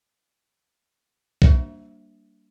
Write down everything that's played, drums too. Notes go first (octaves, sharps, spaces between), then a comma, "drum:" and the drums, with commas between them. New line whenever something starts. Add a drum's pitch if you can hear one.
G3 A#3 D4 F#4 C5 E5, drum: kick B1